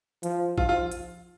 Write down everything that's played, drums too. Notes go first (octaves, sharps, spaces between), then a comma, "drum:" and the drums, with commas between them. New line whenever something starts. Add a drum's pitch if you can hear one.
F3, drum: hi-hat
F3 F4, drum: kick
F4
drum: hi-hat